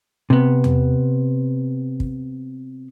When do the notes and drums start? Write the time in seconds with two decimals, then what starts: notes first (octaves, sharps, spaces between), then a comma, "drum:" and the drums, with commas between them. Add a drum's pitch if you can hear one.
0.30 C3 B3
0.64 drum: tom E2
2.00 drum: kick